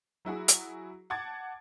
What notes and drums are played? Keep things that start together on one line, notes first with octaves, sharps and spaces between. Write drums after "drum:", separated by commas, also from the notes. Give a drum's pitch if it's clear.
F#3 E4 F#4 G#4
drum: hi-hat
F#5 A5 D6 G#6 A6